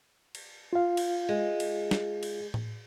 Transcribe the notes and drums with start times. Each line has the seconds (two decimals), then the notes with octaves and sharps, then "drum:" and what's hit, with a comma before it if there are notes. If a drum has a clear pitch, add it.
0.35 drum: cymbal
0.73 F4 F5
0.97 drum: cymbal
1.29 G#3
1.60 drum: cymbal
1.91 drum: snare
2.23 drum: cymbal
2.54 drum: tom A2